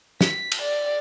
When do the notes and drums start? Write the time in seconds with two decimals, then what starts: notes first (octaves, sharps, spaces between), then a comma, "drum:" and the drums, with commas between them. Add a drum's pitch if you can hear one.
0.21 B6, drum: snare
0.52 drum: cymbal
0.61 D5